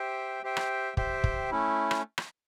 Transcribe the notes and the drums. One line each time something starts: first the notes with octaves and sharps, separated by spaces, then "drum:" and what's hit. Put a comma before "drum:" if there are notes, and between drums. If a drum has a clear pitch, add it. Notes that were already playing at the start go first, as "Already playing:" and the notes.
Already playing: G4 C5 E5 G5
G4 C5 E5 G5
drum: rim click
G4 C5 E5 G5, drum: kick
drum: kick
A3 C#4 E4
drum: rim click
drum: rim click